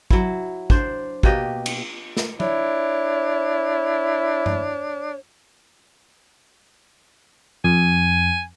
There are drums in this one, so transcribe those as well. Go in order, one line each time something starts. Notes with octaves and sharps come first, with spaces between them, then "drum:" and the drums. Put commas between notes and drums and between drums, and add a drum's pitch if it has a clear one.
F#3 E4, drum: kick
D4 C5, drum: kick
B2 A#3 G4 D#5, drum: kick
drum: cymbal
drum: snare
D4 E4 C#5, drum: tom F#3
drum: tom G2
F2 G#5